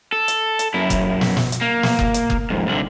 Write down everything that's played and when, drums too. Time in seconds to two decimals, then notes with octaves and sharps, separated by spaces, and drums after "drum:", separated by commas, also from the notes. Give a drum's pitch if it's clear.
0.12 A4
0.28 drum: hi-hat
0.59 drum: hi-hat
0.74 F#2 E4
0.90 drum: kick F#1, hi-hat
1.21 drum: snare
1.37 drum: snare
1.52 drum: hi-hat
1.61 A#3
1.83 drum: snare
1.99 drum: kick F#1
2.14 drum: hi-hat
2.30 drum: kick F#1
2.50 F2 G#2
2.67 C2 D3